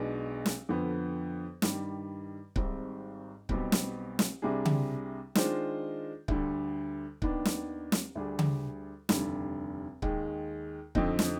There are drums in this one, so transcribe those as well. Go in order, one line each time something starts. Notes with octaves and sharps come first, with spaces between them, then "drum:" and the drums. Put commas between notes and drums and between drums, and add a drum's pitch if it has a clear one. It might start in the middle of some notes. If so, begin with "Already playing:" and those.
Already playing: B1 B2 G#3 D4
drum: snare
F2 D3 F3 B3
G2 D#3 G3, drum: snare
G#1 G#2 G3 C4, drum: kick C#1
B1 B2 G3 C4 G4, drum: kick C#1
drum: snare
drum: snare
C2 C3 G3 D4 G#4
drum: tom C#3
D#3 G#3 D4 F4 C5, drum: snare
D2 D3 G3, drum: kick C#1
D#2 D#3 B3 D4, drum: kick C#1
drum: snare
drum: snare
D2 D3 G3 D4 G#4
drum: tom C#3
F1 D#2 D3 G3, drum: snare
D#2 D#3 G#3, drum: kick C#1
F2 D3 F3 C4 D#4, drum: kick C#1
drum: snare